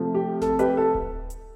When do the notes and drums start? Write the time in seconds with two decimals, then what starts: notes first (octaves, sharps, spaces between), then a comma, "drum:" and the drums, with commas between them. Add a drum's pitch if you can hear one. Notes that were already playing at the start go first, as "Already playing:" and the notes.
Already playing: C3 F3 A3
0.14 G4
0.42 A4, drum: snare G#1
0.59 G4 B4, drum: hi-hat
0.77 A4
0.95 drum: kick D1
1.30 drum: hi-hat